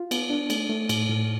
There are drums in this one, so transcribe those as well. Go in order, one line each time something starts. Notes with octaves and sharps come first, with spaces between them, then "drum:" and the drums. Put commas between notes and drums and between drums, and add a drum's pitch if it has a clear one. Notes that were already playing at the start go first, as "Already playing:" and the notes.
Already playing: F4
B3, drum: cymbal
D4
A3, drum: cymbal
A3
A2, drum: cymbal
A2